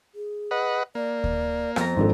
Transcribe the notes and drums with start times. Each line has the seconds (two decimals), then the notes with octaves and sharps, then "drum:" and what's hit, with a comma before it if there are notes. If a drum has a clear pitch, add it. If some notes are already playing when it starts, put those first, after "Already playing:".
0.15 G#4
0.51 B4 D#5 F#5
0.95 A#3 D5
1.24 drum: kick D2
1.76 F2 B3 A#5, drum: rim click
1.97 G#1 D4 F4 A4